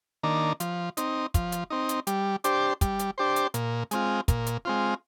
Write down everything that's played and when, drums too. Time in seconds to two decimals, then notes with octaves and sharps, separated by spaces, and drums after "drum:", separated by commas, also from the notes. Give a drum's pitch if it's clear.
0.23 D#3 A#3 D4
0.60 F3, drum: hi-hat
0.97 C4 D#4, drum: hi-hat
1.34 F3, drum: kick, hi-hat
1.52 drum: hi-hat
1.70 C4 D#4
1.89 drum: hi-hat
2.07 G3, drum: hi-hat
2.44 D4 G4 C5, drum: hi-hat
2.81 G3, drum: kick, hi-hat
2.99 drum: hi-hat
3.18 D4 G4 C5
3.36 drum: hi-hat
3.54 A#2, drum: hi-hat
3.91 G#3 C4 F4, drum: hi-hat
4.28 A#2, drum: kick, hi-hat
4.46 drum: hi-hat
4.65 G#3 C4 F4